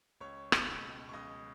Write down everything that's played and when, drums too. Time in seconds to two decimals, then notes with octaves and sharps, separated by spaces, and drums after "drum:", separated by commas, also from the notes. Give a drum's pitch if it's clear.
0.20 C#2 C#5 C#6
0.52 B2, drum: rim click
0.83 C#2
1.09 C#6
1.13 C#2 D#5 D#6